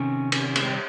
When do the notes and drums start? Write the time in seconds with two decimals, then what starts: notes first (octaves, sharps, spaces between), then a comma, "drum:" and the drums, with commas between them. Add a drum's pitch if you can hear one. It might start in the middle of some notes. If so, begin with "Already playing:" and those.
Already playing: C3 D#3 C#4
0.32 C#4, drum: cymbal
0.47 C#4
0.55 A#3, drum: cymbal
0.62 G#3 C4
0.70 G3